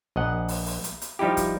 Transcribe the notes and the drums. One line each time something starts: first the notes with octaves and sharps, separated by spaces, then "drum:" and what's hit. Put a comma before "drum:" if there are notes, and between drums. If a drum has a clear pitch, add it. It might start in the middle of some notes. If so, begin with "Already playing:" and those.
A#1 D#5 F#5
drum: open hi-hat
drum: open hi-hat
drum: hi-hat
drum: hi-hat
F3 G3 D#4 E4 G4
drum: kick, hi-hat